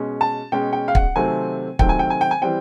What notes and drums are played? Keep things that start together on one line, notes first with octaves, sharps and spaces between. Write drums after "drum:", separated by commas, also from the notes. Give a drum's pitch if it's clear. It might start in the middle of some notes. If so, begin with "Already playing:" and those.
Already playing: B2 G#3 C#4
A5
B2 G#3 C#4 G5
G5
F5
F#5, drum: kick
C3 D#3 F#3 A3 C4 G#5
C3 D#3 F#3 A3 C4 G5, drum: kick
G#5
G5
G#5
G5
G#5
E3 G3 C4 G5